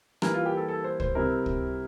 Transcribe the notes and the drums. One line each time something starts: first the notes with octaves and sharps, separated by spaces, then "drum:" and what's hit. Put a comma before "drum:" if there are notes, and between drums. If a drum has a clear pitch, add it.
E3 G3 A#3 E4 A#4, drum: rim click
F4
G4
A4
A4
C5
C5, drum: kick
C3 G3 C4 E4 A#4
drum: kick